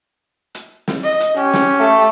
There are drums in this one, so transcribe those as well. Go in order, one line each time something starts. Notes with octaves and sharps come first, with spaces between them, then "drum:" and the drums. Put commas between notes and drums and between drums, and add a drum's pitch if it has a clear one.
drum: hi-hat
drum: snare
D#5
drum: hi-hat
C#4 G4
drum: snare
A3